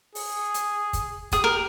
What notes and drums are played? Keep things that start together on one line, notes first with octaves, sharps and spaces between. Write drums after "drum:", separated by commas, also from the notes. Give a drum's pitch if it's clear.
G#4, drum: open hi-hat
drum: hi-hat
drum: kick, hi-hat
G4 G#4, drum: kick, hi-hat
A#4